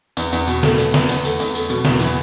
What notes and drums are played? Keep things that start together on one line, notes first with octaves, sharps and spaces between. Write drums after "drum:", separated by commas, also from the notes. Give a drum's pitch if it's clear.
E2, drum: tambourine
E2, drum: tambourine
B2, drum: tambourine
A3, drum: snare
E2, drum: tambourine
E2, drum: snare
E2, drum: tambourine
A3, drum: tambourine
E2, drum: tambourine
A3, drum: tambourine
B2, drum: tambourine
E2, drum: snare
E3, drum: tambourine